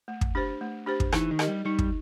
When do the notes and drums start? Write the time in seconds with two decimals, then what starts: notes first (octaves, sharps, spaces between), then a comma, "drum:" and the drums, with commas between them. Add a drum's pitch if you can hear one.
0.08 A3
0.21 drum: kick
0.35 D4 G4 C5
0.61 A3
0.86 D4 G4 C5
1.00 drum: kick
1.12 E3 D#4, drum: rim click
1.31 D#3
1.39 G4 A#4 D#5, drum: rim click
1.48 G3
1.65 G3 D#4
1.79 drum: kick